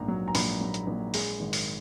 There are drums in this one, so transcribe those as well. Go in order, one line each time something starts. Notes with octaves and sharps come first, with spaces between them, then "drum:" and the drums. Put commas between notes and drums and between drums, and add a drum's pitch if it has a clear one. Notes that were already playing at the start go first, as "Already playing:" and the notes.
Already playing: A#1 G#2 A#5
F#3
A#5
A#1 B5, drum: open hi-hat
F#3
drum: hi-hat
A#1
G#3, drum: open hi-hat
G#1
drum: open hi-hat